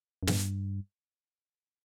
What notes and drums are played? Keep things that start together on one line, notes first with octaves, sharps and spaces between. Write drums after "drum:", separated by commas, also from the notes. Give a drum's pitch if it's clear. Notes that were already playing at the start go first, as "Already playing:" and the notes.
F#2
G2, drum: snare